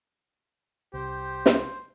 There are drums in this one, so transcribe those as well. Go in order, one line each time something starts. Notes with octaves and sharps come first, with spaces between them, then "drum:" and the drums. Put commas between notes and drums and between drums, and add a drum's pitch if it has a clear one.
C2 G4 C5
drum: snare